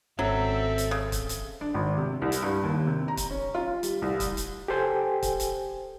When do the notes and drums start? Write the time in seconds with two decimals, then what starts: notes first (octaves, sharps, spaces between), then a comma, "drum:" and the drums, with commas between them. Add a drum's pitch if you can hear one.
0.19 G#1 F#3 C4 C#4 A4 E5
0.78 drum: hi-hat
0.91 C#3
1.12 drum: kick, hi-hat
1.29 drum: hi-hat
1.61 D4
1.74 G#1
1.98 C3
2.22 C2
2.32 drum: hi-hat
2.42 G2
2.63 D#2
2.87 C3
3.08 A#5
3.17 drum: kick, hi-hat
3.30 C#4
3.55 F4
3.83 G3, drum: hi-hat
4.02 C2
4.20 drum: kick, hi-hat
4.37 drum: hi-hat
4.68 G4 A4 C5 G5 G#5
5.23 drum: kick, hi-hat
5.40 drum: hi-hat